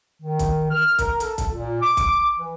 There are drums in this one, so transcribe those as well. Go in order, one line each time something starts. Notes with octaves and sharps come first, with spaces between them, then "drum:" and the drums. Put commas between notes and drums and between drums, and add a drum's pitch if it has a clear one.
D#3
drum: kick, hi-hat
F6
A#4, drum: kick, hi-hat
A4, drum: hi-hat
drum: kick, hi-hat
A#2
D6
drum: kick, hi-hat
E3